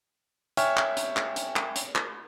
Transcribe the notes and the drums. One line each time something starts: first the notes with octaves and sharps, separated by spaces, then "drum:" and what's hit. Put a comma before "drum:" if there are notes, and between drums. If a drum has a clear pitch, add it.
C#5 E5 G5 G#5 C#6 F6, drum: hi-hat
drum: clap
drum: hi-hat
drum: clap
drum: hi-hat
drum: clap
drum: hi-hat
drum: clap